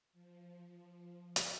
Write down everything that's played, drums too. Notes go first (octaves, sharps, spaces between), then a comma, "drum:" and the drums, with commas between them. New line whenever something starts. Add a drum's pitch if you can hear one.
F3
drum: hi-hat